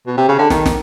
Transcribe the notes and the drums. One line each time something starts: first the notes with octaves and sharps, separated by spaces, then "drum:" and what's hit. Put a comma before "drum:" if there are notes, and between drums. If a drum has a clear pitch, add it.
B2
C3
C#3
D3
D#3, drum: snare
drum: snare